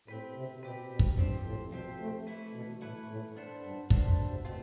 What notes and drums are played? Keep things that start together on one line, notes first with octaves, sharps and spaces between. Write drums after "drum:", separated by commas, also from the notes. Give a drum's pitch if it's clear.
A2 C4 G4 B4
C3
B2 C4 G4 B4
B2
drum: kick
G2 F3 C4 G4 C5
A2
B2 F3 C4 G4 C5
A3
E3 A3 E4 B4
B2
A2 E3 A3 E4 B4
A2
B3 D4 A4 C5
G2
F2 B3 D4 A4 C5, drum: kick
G2
B2
C3
B2 A3 C4 F4